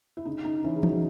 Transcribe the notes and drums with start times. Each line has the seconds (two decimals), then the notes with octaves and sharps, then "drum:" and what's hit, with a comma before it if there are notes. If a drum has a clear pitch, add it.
0.17 E4
0.25 C#3 D#4
0.45 D#4
0.64 E3 C#4 E4
0.76 G#4
0.83 D#4 F#4, drum: tom E3